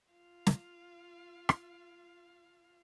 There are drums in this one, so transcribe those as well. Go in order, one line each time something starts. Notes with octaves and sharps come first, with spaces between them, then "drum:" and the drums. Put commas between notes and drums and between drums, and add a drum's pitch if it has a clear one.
F4 F5
drum: snare
drum: rim click